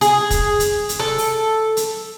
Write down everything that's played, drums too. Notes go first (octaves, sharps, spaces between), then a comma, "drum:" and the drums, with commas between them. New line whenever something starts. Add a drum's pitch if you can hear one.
G#4, drum: hi-hat
drum: kick, hi-hat
drum: hi-hat
drum: hi-hat
A4
drum: open hi-hat
drum: hi-hat